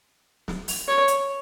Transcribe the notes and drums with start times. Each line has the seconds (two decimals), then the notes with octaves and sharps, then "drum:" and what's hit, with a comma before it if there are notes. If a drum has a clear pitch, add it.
0.48 drum: snare
0.68 drum: open hi-hat
0.88 C#5
1.08 drum: hi-hat